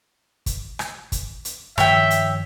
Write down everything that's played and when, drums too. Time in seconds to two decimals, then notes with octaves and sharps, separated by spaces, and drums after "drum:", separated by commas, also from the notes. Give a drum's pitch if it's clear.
0.46 drum: kick, hi-hat
0.79 drum: rim click
1.12 drum: kick, hi-hat
1.45 drum: hi-hat
1.78 G2 D#3 F3 C#5 E5 G5, drum: rim click
2.10 drum: hi-hat